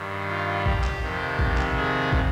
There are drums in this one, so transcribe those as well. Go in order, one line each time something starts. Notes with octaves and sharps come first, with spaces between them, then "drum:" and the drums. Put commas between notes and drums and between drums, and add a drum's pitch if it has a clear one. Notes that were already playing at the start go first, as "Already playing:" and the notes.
Already playing: G2 D#3
F4
G4, drum: kick
drum: clap
F2 C3 D#3
drum: kick
drum: clap
G#4
drum: kick